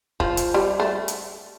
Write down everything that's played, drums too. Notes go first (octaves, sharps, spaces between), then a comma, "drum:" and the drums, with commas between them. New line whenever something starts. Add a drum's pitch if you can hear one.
F3, drum: kick
drum: hi-hat
G3
A3
drum: hi-hat